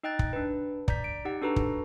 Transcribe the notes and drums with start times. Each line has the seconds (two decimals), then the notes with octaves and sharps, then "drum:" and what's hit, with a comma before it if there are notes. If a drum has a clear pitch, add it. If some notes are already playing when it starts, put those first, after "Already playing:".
0.03 D#4 D#5 G5 F#6 A6
0.19 drum: kick
0.33 D4 B4
0.88 D5 A#5 G6 B6, drum: kick
1.04 D7
1.25 D#4 G4 F#5
1.42 D4 F#4 A4 B4 A#5
1.56 drum: kick